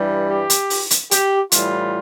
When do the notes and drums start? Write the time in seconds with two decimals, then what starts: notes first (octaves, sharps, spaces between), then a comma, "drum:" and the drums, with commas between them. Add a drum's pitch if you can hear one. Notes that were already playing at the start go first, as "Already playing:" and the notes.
Already playing: G2 E3 G3
0.29 G4
0.50 drum: hi-hat
0.70 drum: open hi-hat
0.91 drum: hi-hat
1.11 G4, drum: hi-hat
1.52 A2 E3 G3 F4, drum: hi-hat